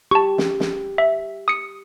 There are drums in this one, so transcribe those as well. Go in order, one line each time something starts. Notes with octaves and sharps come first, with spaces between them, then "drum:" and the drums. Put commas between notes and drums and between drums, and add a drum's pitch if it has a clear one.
G4 A5 C#6
drum: snare
drum: snare
E5
D#6 C#7